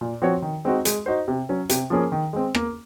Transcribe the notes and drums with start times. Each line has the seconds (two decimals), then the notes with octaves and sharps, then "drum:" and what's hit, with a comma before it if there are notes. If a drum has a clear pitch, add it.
0.01 A#2
0.22 F3 C4 F#4 C#5
0.42 D#3
0.65 G#3 C4 D#4 F#4
0.85 G#3, drum: hi-hat
1.06 D#4 F#4 C5
1.28 C3
1.49 F#3 C#4
1.69 C3, drum: hi-hat
1.90 F3 A#3 C#4 G#4
2.12 D#3
2.33 G#3 C4
2.55 A#3, drum: rim click